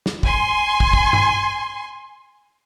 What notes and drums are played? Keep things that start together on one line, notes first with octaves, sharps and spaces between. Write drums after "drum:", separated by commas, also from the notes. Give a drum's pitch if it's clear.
drum: snare
G#5 C6, drum: kick
drum: kick
drum: kick
drum: tom G2